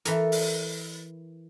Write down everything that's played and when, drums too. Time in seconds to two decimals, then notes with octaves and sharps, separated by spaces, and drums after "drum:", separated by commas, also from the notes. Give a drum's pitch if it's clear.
0.05 E3 A4 A#4, drum: hi-hat
0.32 drum: open hi-hat